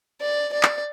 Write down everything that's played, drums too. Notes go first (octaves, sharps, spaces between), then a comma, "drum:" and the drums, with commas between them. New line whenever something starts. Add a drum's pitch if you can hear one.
D5
D5
drum: clap